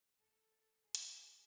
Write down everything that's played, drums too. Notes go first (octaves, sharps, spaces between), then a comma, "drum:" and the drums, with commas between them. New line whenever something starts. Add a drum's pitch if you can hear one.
A4
G#4
drum: hi-hat